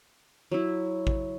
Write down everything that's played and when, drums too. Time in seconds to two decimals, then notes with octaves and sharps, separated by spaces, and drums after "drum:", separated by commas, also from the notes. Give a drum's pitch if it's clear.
0.52 F#3 E4
1.07 drum: kick A1